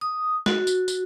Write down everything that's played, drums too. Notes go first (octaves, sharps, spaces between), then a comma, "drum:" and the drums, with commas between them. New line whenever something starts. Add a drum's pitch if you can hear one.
D#6
F#4, drum: snare
drum: tambourine
drum: tambourine